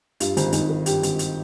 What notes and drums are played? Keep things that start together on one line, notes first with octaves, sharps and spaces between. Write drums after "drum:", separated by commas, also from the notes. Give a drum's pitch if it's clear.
G2 F4, drum: hi-hat
G#1, drum: hi-hat
G#1 D#4, drum: hi-hat
D#3
G2 G4, drum: hi-hat
G#1, drum: hi-hat
drum: hi-hat